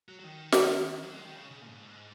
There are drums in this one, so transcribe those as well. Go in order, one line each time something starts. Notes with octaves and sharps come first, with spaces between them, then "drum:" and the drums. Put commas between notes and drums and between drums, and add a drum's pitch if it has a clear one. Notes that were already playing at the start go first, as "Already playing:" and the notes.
F#3
F#3
D#3
drum: snare
F#3
G#3
D#3
C#3
C#3
A#2
G#2